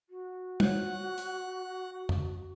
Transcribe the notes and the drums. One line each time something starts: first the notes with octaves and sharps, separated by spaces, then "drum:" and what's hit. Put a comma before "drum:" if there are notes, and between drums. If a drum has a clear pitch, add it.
F#4
F4 C5 C#5 F#5 F#6, drum: tom
drum: hi-hat
drum: tom F2